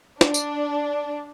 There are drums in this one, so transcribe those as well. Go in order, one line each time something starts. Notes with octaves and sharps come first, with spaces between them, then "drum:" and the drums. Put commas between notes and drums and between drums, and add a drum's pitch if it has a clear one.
D4, drum: snare
drum: tambourine